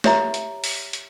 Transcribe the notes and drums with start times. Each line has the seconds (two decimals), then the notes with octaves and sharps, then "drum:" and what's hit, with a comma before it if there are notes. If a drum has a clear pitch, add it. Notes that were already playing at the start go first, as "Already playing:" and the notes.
0.04 G4 C#5 E5 A#5, drum: snare
0.34 drum: hi-hat
0.64 drum: open hi-hat
0.93 drum: hi-hat